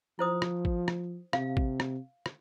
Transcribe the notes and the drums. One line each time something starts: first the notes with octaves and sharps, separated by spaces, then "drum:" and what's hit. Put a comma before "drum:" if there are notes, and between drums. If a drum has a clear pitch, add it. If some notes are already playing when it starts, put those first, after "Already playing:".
F3 E4 C5 D#6
drum: rim click
drum: kick
drum: rim click
C3 F5, drum: rim click
drum: kick
drum: rim click
drum: rim click